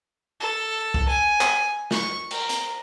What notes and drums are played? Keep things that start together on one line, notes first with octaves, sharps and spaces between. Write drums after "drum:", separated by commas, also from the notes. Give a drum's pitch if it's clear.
A4
drum: kick
G#5
drum: clap
C#6, drum: snare
A#4, drum: cymbal
drum: hi-hat